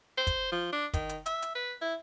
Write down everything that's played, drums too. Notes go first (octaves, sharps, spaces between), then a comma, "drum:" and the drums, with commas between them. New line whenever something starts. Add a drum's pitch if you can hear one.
C5
drum: kick, hi-hat
F3
D4
D#3, drum: kick, hi-hat
drum: hi-hat
E5, drum: hi-hat
drum: hi-hat
B4
E4